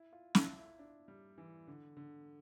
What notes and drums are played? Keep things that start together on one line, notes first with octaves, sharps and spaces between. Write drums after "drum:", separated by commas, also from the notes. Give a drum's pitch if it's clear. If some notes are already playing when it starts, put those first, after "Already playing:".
Already playing: E4
F4
E4, drum: snare
E4
D4
G3
E3
D3
D3